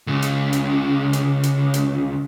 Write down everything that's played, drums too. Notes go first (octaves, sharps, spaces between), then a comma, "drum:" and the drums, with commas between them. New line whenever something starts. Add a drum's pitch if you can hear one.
C#2 C#3
drum: hi-hat
drum: hi-hat
drum: hi-hat
drum: hi-hat
drum: hi-hat